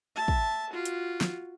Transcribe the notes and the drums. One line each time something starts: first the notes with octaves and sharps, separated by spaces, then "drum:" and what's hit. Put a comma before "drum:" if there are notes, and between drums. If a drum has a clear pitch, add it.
E5 A5
drum: kick
F4 F#4
drum: hi-hat
drum: snare